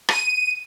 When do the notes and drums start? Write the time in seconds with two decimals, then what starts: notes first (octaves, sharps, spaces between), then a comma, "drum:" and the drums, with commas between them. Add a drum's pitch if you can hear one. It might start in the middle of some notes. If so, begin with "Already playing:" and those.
0.09 D#7, drum: rim click